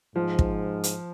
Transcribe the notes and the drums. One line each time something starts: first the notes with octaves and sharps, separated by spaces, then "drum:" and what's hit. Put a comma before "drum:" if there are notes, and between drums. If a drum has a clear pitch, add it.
G#2 F3
drum: kick
drum: hi-hat